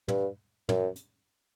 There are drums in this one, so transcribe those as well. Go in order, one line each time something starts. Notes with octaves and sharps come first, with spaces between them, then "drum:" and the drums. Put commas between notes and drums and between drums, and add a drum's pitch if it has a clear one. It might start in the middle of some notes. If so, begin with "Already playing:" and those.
G2, drum: tom
F#2, drum: tom
drum: hi-hat